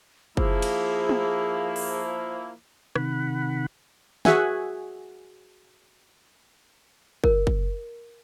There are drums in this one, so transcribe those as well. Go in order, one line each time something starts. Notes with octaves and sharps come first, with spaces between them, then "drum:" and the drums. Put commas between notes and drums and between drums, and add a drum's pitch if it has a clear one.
F3 A#3 E4 G#4, drum: kick F#1
drum: cymbal
drum: tom
drum: open hi-hat
C3 D#3 F#5 B5, drum: rim click
F#4 G#4 E5 F#5 G#5, drum: snare
A#4, drum: kick F#1
drum: kick F#1